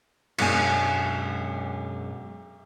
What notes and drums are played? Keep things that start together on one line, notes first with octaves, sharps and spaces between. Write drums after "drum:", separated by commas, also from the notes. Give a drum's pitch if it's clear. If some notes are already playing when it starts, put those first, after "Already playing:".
F#2 B2 G#3 D4 G#5, drum: cymbal